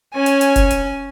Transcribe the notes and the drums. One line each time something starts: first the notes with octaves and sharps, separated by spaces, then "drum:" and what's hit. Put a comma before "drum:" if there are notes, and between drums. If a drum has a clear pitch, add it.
C#4 G#5
drum: hi-hat
drum: hi-hat
drum: kick F1, hi-hat
drum: hi-hat